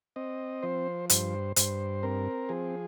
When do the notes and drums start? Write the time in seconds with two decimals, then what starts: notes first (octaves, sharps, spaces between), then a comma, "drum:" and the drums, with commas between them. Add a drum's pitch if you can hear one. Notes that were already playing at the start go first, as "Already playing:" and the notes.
0.16 C4 D#5
0.63 F3 C5
1.10 G2 C5, drum: hi-hat
1.56 G2 C5, drum: hi-hat
2.03 C4 A#4
2.49 F3 G#4